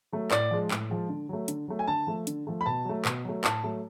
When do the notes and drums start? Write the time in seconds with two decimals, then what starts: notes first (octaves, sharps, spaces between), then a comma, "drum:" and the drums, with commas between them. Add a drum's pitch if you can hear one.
0.12 F#3 A3
0.31 A2 D5, drum: clap
0.51 F3 G#3
0.71 A2, drum: clap
0.90 F3 G#3
1.09 D3
1.29 F#3 A3
1.48 D3, drum: hi-hat
1.68 F#3 A3
1.79 G#5
1.87 D3 A5
2.07 F3 A3
2.27 D3, drum: hi-hat
2.47 F3 A3
2.61 B5
2.66 B2 A5
2.85 F#3 A3
3.05 B2, drum: clap
3.25 F#3 A3
3.44 A2 A5, drum: clap
3.63 F#3 A3